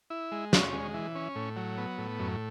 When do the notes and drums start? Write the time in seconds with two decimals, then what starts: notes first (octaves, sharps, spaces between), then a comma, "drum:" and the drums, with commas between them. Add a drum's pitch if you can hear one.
0.10 E4
0.32 G#3
0.53 C#4, drum: snare
0.73 G#3
0.94 E3
1.15 C#4
1.36 A2
1.57 F#3
1.77 B3
1.98 A2
2.20 F#2